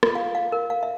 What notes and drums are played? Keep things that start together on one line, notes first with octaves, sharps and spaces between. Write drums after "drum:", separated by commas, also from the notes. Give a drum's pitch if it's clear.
F4, drum: rim click
F5
F5
A#4
F5
E5